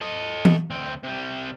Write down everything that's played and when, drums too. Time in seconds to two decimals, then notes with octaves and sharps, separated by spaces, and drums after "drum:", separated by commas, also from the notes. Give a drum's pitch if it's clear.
0.01 A4 D#5
0.45 drum: tom E3
0.70 D2 C4
1.04 C3 G3